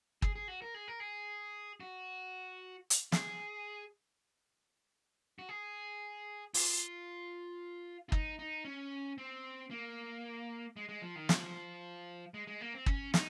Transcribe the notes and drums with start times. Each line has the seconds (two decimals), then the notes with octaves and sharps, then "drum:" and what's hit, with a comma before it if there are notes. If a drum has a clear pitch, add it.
0.22 G#4, drum: kick
0.35 G#4
0.48 F#4
0.62 A#4
0.75 G#4
0.88 A#4
1.00 G#4
1.80 F#4
2.90 drum: hi-hat
3.12 G#4, drum: snare
5.39 F#4
5.49 G#4
6.54 F4, drum: open hi-hat
8.09 F4
8.12 D#4, drum: kick
8.39 D#4
8.65 C#4
9.18 C4
9.71 A#3
10.76 G#3
10.89 G#3
11.02 F3
11.16 D#3
11.29 F3, drum: snare
12.34 G#3
12.47 G#3
12.61 A#3
12.74 C4
12.86 C#4, drum: kick
13.14 D#4, drum: snare